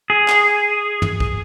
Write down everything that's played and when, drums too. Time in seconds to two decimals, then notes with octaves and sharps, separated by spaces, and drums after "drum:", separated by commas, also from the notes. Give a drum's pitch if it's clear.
0.10 G#4
0.28 drum: clap
1.02 drum: tom
1.20 drum: kick